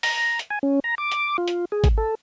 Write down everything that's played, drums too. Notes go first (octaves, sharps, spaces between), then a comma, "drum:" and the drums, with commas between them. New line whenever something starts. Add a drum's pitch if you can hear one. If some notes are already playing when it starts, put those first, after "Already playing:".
A#5, drum: open hi-hat
drum: hi-hat
G#5
C#4
A#5
D6
drum: hi-hat
F4
drum: hi-hat
G#4
drum: kick G#1, hi-hat
A4